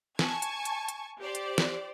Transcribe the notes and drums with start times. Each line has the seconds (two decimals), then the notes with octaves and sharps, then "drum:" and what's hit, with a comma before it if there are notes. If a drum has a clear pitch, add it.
0.19 G#5 A5 C#6 G#6, drum: snare
0.42 drum: hi-hat
0.65 drum: hi-hat
0.88 drum: hi-hat
1.19 G4 C5 D5
1.35 drum: hi-hat
1.58 drum: snare